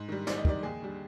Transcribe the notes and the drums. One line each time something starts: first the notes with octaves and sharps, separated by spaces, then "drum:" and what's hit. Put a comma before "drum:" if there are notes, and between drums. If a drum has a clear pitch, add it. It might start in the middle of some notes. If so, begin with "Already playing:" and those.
Already playing: G#2
D#3 G3
G#2 D5, drum: snare
D#5
D#3 G3 D5, drum: kick
D#2 G#4
D3 G3